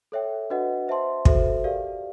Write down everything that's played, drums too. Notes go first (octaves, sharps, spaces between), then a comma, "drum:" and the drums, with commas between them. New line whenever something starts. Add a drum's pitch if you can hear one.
A4 C#5 E5 G5
D4 F#4 B4 D#5 F#5
C5 E5 A5 C6
F#4 A4 C5 E5, drum: kick
G4 A#4 D5 F5